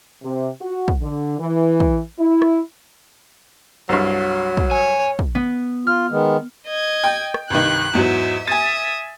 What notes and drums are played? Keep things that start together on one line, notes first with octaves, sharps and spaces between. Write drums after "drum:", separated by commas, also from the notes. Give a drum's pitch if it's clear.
C3
F#4
drum: kick
D3
E3
drum: kick
E4
drum: rim click
C2 G2 F#3
drum: kick
C#5 G#5
drum: kick
B3
F4 F6
D#3 G#3 B3
D#5 G#6
G5
drum: rim click
C2 G2 D#3 F#6
E2 G#2 F#3 E5
E5 G#5 D#6 A6